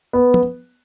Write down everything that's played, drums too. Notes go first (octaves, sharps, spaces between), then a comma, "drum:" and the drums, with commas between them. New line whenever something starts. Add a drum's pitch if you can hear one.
B3
drum: tom